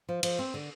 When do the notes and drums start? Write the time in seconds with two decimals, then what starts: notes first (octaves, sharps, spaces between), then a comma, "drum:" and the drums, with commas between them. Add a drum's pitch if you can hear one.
0.09 F3
0.23 F3, drum: cymbal
0.39 C4
0.54 D3